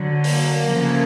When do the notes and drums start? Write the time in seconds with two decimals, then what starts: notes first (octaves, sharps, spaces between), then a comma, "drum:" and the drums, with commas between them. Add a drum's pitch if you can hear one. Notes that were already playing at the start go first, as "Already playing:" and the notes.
Already playing: D3 F#3
0.24 A#3, drum: open hi-hat
0.70 C#3 F3 A3